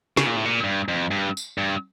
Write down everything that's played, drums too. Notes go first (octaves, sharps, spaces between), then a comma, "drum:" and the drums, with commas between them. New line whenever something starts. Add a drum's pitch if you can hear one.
C#3, drum: snare
A#2
A2
A#2
G2
F2
G2
drum: tambourine
G2